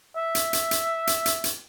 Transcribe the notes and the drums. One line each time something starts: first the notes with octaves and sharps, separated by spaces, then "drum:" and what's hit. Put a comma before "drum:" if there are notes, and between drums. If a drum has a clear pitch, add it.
E5
drum: hi-hat
drum: hi-hat
drum: hi-hat
drum: hi-hat
drum: hi-hat
drum: hi-hat